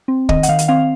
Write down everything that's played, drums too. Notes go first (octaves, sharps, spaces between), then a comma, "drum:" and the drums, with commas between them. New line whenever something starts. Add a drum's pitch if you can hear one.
C4
D#3 D#5, drum: kick
F#5, drum: hi-hat
D#3 F5
drum: hi-hat
C4 F5